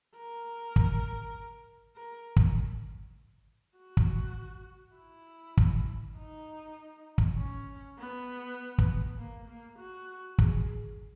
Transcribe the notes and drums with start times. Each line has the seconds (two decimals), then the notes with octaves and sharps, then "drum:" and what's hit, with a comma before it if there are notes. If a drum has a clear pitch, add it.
0.16 A#4
0.76 drum: kick
1.96 A#4
2.36 drum: kick
3.77 F#4
3.97 drum: kick
4.97 E4
5.57 drum: kick
6.18 D#4
7.18 drum: kick
7.37 C#4
7.99 B3
8.78 drum: kick
9.19 A#3
9.48 A#3
9.79 F#4
10.38 G#4, drum: kick